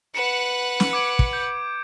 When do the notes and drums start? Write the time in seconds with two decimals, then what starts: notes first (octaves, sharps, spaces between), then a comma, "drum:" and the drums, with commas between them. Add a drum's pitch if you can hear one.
0.15 B4 F#5 C#7 E7
0.80 drum: snare
0.93 D6 G#6 D7
1.19 drum: kick
1.33 G6